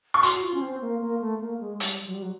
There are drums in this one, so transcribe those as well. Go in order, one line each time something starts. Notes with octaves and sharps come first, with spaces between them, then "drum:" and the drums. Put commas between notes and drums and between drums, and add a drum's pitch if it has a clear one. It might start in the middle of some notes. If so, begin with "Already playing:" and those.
C#6
F#4 C6, drum: hi-hat
F4
C#4
C4
A#3
A#3
A3
A#3
G#3
G3, drum: hi-hat
F#3
G3
F#3